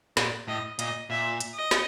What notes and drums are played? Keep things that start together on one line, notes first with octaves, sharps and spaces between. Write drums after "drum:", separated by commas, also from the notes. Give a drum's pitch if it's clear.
A#2 D5, drum: snare
A2 D#5
A#2 D#5, drum: hi-hat
A#2 E5
drum: hi-hat
D#5
drum: snare